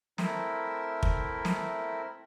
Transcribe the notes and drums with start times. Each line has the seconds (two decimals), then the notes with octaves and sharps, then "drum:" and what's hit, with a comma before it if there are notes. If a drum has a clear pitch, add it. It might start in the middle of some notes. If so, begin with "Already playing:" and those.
0.18 A3 C4 E4 A#4 E5, drum: snare
1.03 drum: kick
1.45 drum: snare